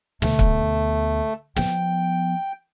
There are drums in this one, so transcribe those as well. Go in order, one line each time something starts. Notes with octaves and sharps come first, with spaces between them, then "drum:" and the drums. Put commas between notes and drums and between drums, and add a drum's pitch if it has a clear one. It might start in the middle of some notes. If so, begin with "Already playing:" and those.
D2 B2 A3, drum: snare
drum: kick
F3 B3 G5, drum: snare